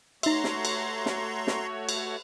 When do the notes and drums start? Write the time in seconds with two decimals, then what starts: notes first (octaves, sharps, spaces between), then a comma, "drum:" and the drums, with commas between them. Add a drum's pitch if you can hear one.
0.23 A3 D#4 F#4 C#5 E5 A#5 C6, drum: cymbal
0.44 drum: snare
0.65 drum: cymbal
1.06 drum: snare
1.47 drum: snare
1.89 drum: cymbal